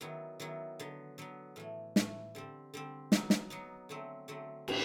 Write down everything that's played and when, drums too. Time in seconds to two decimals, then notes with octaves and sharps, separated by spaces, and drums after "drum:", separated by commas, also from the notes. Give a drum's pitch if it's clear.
0.01 D#3 F#3 B3 E4
0.40 D#3 F#3 B3 E4
0.79 D3 F#3 B3
1.18 D3 F#3 B3
1.56 A2 E3 A3
1.96 A2 E3 A3, drum: snare
2.35 D3 G3 C4
2.74 D3 G3 C4
3.12 F#3 B3 D#4, drum: snare
3.30 drum: snare
3.50 F#3 B3 D#4
3.89 D3 F#3 A3 C4
4.28 D3 F#3 A3 C4
4.68 A2 E3 A3, drum: cymbal